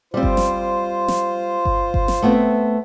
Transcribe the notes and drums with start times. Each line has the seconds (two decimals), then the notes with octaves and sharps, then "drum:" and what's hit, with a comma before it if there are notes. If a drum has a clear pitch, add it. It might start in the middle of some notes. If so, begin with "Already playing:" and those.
0.14 G3 C4 F4 C5
0.23 drum: kick G1
0.37 drum: snare
1.08 drum: snare
1.65 drum: kick G1
1.94 drum: kick G1
2.08 drum: snare
2.22 A3 B3 C4